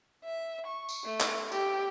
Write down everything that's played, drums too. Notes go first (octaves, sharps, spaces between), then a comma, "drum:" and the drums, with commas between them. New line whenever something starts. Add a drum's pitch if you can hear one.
E5
C#6
drum: tambourine
A3
drum: clap
G4, drum: tambourine